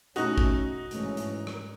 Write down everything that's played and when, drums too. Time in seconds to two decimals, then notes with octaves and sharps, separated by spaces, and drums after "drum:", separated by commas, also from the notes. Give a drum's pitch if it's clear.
0.16 B2 A3 C#4 D#4 F#4, drum: hi-hat
0.38 drum: kick
0.91 G#2 E3 A3 C#4, drum: hi-hat
1.17 drum: hi-hat
1.47 drum: rim click